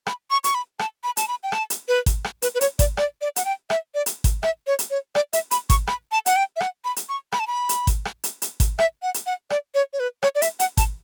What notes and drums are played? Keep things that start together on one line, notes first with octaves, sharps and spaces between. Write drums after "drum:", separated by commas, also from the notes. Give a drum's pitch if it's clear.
B5, drum: rim click
C#6
C#6, drum: hi-hat
B5
A5, drum: rim click
B5
A5, drum: hi-hat
B5
G5
A5, drum: rim click
drum: hi-hat
B4
drum: kick G#1, hi-hat
drum: rim click
B4, drum: hi-hat
B4
C#5, drum: hi-hat
D5, drum: kick G#1, hi-hat
D5, drum: rim click
D5
F#5, drum: hi-hat
G5
E5, drum: rim click
D5
drum: hi-hat
drum: kick G#1, hi-hat
E5, drum: rim click
C#5
drum: hi-hat
C#5
D5, drum: rim click
E5, drum: hi-hat
B5, drum: hi-hat
C#6, drum: kick G#1, hi-hat
B5, drum: rim click
A5
F#5, drum: hi-hat
G5
E5
F#5, drum: rim click
B5
drum: hi-hat
C#6
B5, drum: rim click
A5
B5
drum: hi-hat
drum: kick G#1, hi-hat
drum: rim click
drum: hi-hat
drum: hi-hat
drum: kick G#1, hi-hat
E5, drum: rim click
F#5
drum: hi-hat
F#5
D5, drum: rim click
C#5
C#5
B4
C#5, drum: rim click
D5
E5, drum: hi-hat
F#5, drum: hi-hat
A5, drum: kick G#1, hi-hat